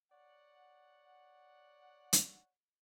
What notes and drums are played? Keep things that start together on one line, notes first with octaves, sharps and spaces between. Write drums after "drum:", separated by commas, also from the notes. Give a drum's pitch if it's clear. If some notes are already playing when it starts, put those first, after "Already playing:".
C#5 D5 F#5
drum: hi-hat